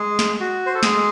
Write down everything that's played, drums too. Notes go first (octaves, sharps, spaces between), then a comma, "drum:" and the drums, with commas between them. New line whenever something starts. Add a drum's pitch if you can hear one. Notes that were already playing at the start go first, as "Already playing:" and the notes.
Already playing: G#3 G#4
drum: snare
F#4
C5
A4
G#3 G#4, drum: snare